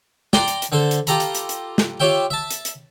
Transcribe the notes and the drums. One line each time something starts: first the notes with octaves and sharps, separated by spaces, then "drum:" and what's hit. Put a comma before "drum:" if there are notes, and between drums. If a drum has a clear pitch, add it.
D5 G5 A#5 C6, drum: snare
drum: hi-hat
drum: hi-hat
D3 A4 C5
drum: hi-hat
F4 G4 A4 A#5 B5, drum: hi-hat
drum: hi-hat
drum: hi-hat
drum: hi-hat
drum: snare
F4 G4 C#5 E5 G5
E5 A5
drum: hi-hat
drum: hi-hat